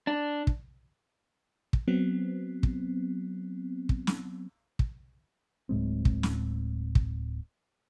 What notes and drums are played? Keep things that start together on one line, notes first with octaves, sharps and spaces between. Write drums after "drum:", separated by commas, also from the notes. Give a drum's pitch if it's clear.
D4
drum: kick
drum: kick
F#3 B3 C4
drum: kick
drum: kick
drum: snare
drum: kick
D1 A2 G#3 C4
drum: kick
drum: snare
drum: kick